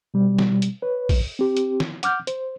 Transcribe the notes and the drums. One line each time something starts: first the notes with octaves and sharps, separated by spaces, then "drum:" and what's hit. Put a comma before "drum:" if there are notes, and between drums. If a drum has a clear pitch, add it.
B2 G3
drum: snare
drum: hi-hat
B4 C#5
drum: kick, open hi-hat
C4 G4
drum: hi-hat
drum: snare
F#5 D6 F6 G6, drum: hi-hat
C5, drum: hi-hat